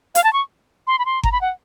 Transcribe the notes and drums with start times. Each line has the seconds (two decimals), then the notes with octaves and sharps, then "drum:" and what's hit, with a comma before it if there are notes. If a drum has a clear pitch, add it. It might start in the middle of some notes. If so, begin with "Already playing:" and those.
0.15 F5, drum: hi-hat
0.24 A5
0.33 C#6
0.87 C6
0.99 B5
1.06 C6
1.23 A#5, drum: kick G1
1.32 B5
1.41 F#5